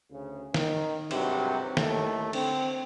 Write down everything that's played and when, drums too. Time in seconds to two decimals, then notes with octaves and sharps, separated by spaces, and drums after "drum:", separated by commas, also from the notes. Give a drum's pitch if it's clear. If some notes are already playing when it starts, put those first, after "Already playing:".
0.11 D2 C#3
0.54 D#3, drum: snare
1.11 G#1 G2 C3 F#3, drum: cymbal
1.77 D#2 A2 A3, drum: snare
2.33 D3 C4, drum: cymbal